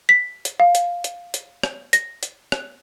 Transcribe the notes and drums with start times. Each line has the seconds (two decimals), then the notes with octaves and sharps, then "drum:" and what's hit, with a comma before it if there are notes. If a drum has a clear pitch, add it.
0.09 B6
0.45 drum: hi-hat
0.60 F5
0.75 drum: hi-hat
1.04 drum: hi-hat
1.34 drum: hi-hat
1.63 drum: rim click
1.93 A#6, drum: hi-hat
2.23 drum: hi-hat
2.52 drum: rim click